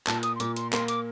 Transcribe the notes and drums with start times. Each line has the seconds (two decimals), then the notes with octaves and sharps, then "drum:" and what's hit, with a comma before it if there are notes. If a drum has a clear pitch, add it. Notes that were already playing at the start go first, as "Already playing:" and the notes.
0.07 A#2 A5, drum: clap
0.23 D#6, drum: hi-hat
0.36 C6
0.40 A#2 D6, drum: hi-hat
0.56 C6, drum: hi-hat
0.73 A#3 C6, drum: clap
0.88 D6, drum: hi-hat